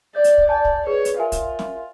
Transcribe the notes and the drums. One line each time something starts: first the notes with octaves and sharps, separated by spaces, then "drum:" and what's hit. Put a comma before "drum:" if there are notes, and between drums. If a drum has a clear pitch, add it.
D5 G6
drum: hi-hat
drum: kick
D5 G#5 A5 G6
drum: kick
G#4 B4 C#5
drum: hi-hat
F4 A#4 E5 G#5
drum: kick, hi-hat
drum: snare